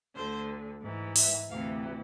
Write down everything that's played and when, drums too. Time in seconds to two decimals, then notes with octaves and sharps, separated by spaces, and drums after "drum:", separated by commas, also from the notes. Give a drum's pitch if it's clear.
0.15 D2 D3 C5
0.81 G#2 E3
1.16 E5, drum: open hi-hat
1.49 D2 C3 E3 F5